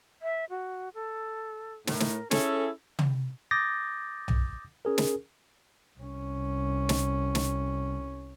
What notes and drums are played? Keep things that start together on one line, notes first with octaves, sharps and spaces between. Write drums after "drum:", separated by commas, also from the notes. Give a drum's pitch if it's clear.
E5
F#4
A4
A2 A#4, drum: snare
drum: snare
C#4 E4 G#4 A4, drum: snare
drum: tom
D6 D#6 G6 A6 A#6
drum: tom B1
C#4 G#4 A#4
drum: snare
C2 C#4
drum: snare
drum: snare